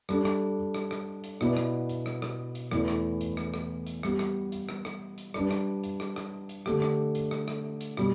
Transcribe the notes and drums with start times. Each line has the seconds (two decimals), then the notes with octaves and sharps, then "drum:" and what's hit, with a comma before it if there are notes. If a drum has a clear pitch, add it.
0.09 G3 D4 A4, drum: rim click
0.25 drum: rim click
0.74 drum: rim click
0.91 drum: rim click
1.24 drum: hi-hat
1.41 B2 B3 E4 B4 D5, drum: rim click
1.57 drum: rim click
1.89 drum: hi-hat
2.06 drum: rim click
2.22 drum: rim click
2.55 drum: hi-hat
2.71 E2 E3 A3 E4 B4, drum: rim click
2.88 drum: rim click
3.21 drum: hi-hat
3.37 drum: rim click
3.54 drum: rim click
3.86 drum: hi-hat
4.03 G3 B3 G4, drum: rim click
4.19 drum: rim click
4.52 drum: hi-hat
4.69 drum: rim click
4.85 drum: rim click
5.18 drum: hi-hat
5.34 G3 D4 B4 D5, drum: rim click
5.51 drum: rim click
5.84 drum: hi-hat
6.00 drum: rim click
6.16 drum: rim click
6.49 drum: hi-hat
6.66 D3 A3 D4 G4, drum: rim click
6.82 drum: rim click
7.15 drum: hi-hat
7.31 drum: rim click
7.48 drum: rim click
7.81 drum: hi-hat
7.97 B2 G3, drum: rim click